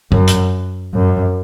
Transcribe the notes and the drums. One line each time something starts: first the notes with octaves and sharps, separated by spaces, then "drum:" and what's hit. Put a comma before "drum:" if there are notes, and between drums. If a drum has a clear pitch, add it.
F#2, drum: kick
drum: hi-hat
F#2